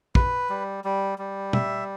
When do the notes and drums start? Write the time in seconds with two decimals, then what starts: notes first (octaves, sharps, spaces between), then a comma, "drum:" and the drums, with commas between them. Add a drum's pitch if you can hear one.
0.15 B4, drum: kick
0.50 G3
0.84 G3
1.18 G3
1.53 E5, drum: tom